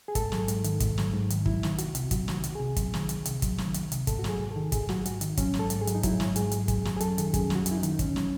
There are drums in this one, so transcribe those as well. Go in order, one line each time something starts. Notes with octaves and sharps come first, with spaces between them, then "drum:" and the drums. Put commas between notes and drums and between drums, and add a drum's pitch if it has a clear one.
G#4
G#2 A4, drum: kick, hi-hat
F#3, drum: snare
G#2, drum: hi-hat
D#3, drum: hi-hat
G#2, drum: kick, hi-hat
F#3, drum: snare
G#2
D#3, drum: hi-hat
F#3 E4, drum: kick
D#3, drum: snare
C2 F#4, drum: hi-hat
C3, drum: hi-hat
F#3 F#4, drum: kick, hi-hat
D#3, drum: snare
F#4
C2, drum: hi-hat
C3 G#4
F#3, drum: kick, hi-hat
D#3, drum: snare
C2, drum: hi-hat
C3, drum: hi-hat
F#3, drum: kick, hi-hat
D#3, drum: snare
C2, drum: hi-hat
C3, drum: hi-hat
G#2 A4, drum: kick, hi-hat
F#4
F#3 G#4, drum: snare
G#2
D#3 A4
G#2 G#4, drum: kick, hi-hat
F#3 F#4, drum: snare
G#2 F#4, drum: hi-hat
D#3, drum: hi-hat
F#3 C#4, drum: kick, hi-hat
G#2, drum: snare
A4
G#2, drum: hi-hat
G#4
F#3, drum: hi-hat
D#4
F#3 E4, drum: kick, hi-hat
G#2, drum: snare
G#2 G#4, drum: hi-hat
F#3, drum: hi-hat
F#2 G#4, drum: kick, hi-hat
F#3, drum: snare
G#4
F#2 A4, drum: hi-hat
D#3, drum: hi-hat
F#2 G#4, drum: kick, hi-hat
F#3, drum: snare
F#4
F#2, drum: hi-hat
E4
D#4
D#3, drum: hi-hat
E2 C#4, drum: kick, hi-hat
F#3, drum: snare